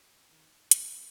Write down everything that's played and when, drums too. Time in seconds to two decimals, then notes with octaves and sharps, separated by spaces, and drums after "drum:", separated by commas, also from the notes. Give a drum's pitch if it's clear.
0.31 D#3
0.71 F#3, drum: hi-hat